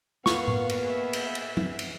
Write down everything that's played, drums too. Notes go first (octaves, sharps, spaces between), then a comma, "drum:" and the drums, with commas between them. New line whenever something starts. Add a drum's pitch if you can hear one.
A#3 B3 F5 F#5 C#6, drum: snare
drum: tom A2
drum: cymbal
G#4 E5
drum: cymbal
drum: cymbal
drum: tom
drum: cymbal